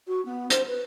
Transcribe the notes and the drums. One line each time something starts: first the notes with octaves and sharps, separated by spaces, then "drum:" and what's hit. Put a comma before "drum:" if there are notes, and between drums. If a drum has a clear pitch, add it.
F#4
B3
C5, drum: hi-hat
B4